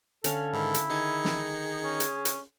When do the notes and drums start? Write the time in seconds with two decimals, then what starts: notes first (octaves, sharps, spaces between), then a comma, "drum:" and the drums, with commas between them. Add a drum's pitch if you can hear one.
0.24 D3 C#4 A4 F5, drum: hi-hat
0.53 G#2 D#3 E4
0.74 drum: hi-hat
0.89 D#3 D#4 G#4 G#5 A5 C6 C#7
1.25 drum: snare
1.84 C#4
2.00 drum: hi-hat
2.25 drum: hi-hat